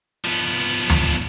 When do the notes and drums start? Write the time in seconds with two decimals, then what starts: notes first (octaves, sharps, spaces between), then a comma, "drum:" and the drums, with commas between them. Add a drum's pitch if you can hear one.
0.25 F3 B3
0.90 drum: tom D2